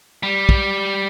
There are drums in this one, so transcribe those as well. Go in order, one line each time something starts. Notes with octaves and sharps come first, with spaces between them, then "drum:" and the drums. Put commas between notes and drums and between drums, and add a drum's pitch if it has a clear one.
G3
drum: kick